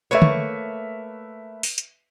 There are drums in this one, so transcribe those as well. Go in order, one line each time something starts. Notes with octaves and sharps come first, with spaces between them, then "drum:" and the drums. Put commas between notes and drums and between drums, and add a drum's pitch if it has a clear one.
A3 A#3 B4 C#5 E5
drum: tom
drum: open hi-hat
drum: hi-hat